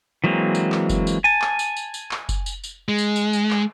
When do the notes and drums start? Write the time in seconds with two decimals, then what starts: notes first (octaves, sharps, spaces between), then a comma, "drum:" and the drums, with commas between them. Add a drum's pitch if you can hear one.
0.24 E3 F#3 G#3 A#3 C4
0.55 drum: tambourine
0.72 drum: clap
0.89 drum: kick F#1, tambourine
1.07 drum: tambourine
1.24 G#5 A5
1.42 drum: clap
1.59 drum: tambourine
1.76 drum: tambourine
1.94 drum: tambourine
2.11 drum: clap
2.29 drum: kick F#1, tambourine
2.46 drum: tambourine
2.64 drum: tambourine
2.89 G#3
2.98 drum: tambourine
3.16 drum: tambourine
3.33 drum: tambourine
3.51 drum: clap